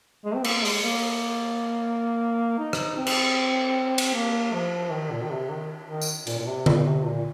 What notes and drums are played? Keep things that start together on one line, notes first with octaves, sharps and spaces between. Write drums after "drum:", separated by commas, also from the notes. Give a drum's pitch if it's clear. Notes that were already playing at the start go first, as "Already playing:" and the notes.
G#3
C4
A#3, drum: cymbal
G#3, drum: open hi-hat
A#3
D#4
drum: rim click
C4
drum: cymbal
drum: cymbal
A#3
F3
D#3
A#2
D#3
C3
D#3
D#3
drum: tambourine
A#2, drum: hi-hat
A#2
C3
A#2, drum: tom D3
C3
A#2